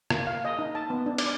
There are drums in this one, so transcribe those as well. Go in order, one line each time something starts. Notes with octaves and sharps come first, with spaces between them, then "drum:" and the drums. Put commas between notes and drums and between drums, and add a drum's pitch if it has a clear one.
A#3, drum: rim click
F5
D#5
D#4
A5
B3
D4
D5, drum: cymbal